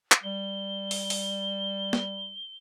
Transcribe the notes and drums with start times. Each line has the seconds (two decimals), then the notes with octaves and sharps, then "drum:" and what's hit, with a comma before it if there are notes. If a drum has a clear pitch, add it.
0.12 drum: clap
0.23 G3 G7
0.91 drum: open hi-hat
1.10 drum: open hi-hat
1.93 drum: snare